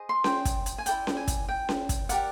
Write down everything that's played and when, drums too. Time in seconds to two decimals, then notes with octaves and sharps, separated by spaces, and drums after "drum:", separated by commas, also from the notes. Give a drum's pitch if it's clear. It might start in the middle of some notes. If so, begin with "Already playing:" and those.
Already playing: G#4 C5 D#5
0.09 C6
0.24 G5, drum: snare C#4
0.45 drum: kick, hi-hat
0.66 drum: hi-hat
0.78 G#5
0.86 E4 A4 D5 G5, drum: hi-hat
1.07 drum: snare C#4
1.17 G#5
1.28 drum: kick, hi-hat
1.49 G5
1.69 drum: snare C#4
1.89 drum: kick, hi-hat
2.09 G4 A#4 D5 F#5, drum: hi-hat